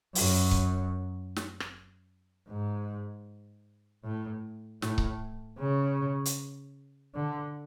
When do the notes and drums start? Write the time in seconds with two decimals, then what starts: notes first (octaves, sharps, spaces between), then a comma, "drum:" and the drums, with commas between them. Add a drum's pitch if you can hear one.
0.15 F#2, drum: open hi-hat
0.51 drum: kick C#1
1.36 drum: snare
1.60 drum: rim click
2.48 G#2
4.04 A2
4.82 A2, drum: snare
4.98 drum: kick C#1
5.59 C#3
6.25 drum: hi-hat
7.15 D3